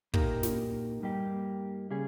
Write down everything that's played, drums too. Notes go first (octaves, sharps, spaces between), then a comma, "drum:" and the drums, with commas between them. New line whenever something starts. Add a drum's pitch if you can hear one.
A#2 A#3 D#4 G4 A#4, drum: kick
drum: snare
G2 G3 A#3 D#4 G4
C#3 G3 C#4 G#4